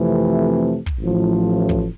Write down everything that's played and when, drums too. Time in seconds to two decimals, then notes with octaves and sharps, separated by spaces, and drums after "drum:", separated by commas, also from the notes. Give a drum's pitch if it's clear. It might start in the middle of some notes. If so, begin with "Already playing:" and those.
Already playing: F2 C3 E3 A3
0.86 drum: kick
1.00 A1 A2 F3
1.69 drum: kick